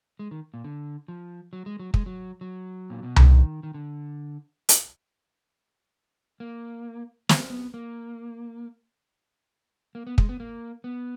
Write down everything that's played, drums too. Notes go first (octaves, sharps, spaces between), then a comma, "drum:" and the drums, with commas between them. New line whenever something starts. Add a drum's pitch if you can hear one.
G#3
D#3
A#2
D3
F3
F#3
G#3
F#3
G#3, drum: kick
F#3
F#3
A#2
B2
D3, drum: tom C2
D#3
D#3
D3
drum: hi-hat
A#3
B3, drum: snare
B3
A#3
A#3
B3
G#3, drum: kick
B3
A#3
B3